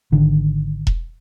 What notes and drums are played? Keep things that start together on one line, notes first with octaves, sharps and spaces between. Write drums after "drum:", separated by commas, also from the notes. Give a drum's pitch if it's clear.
G#1 D3 D#3
drum: kick E1